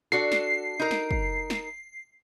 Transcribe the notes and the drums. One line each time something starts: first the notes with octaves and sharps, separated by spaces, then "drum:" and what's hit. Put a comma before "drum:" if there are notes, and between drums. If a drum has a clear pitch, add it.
D4 F#4 A4 C7
drum: snare
D#4 A#4
drum: snare
drum: kick
drum: snare